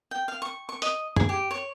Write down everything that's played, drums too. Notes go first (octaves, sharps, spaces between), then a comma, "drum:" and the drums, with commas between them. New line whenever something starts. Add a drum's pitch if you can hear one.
G5
F5
C#6
C#6
D#5, drum: hi-hat
G#4, drum: tom
G4
C#5